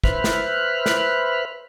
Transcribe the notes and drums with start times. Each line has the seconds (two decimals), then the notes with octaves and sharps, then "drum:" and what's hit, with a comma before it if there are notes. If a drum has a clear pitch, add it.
0.04 B4 C5 E5 B5 F6 F#6, drum: kick
0.24 drum: snare
0.86 drum: snare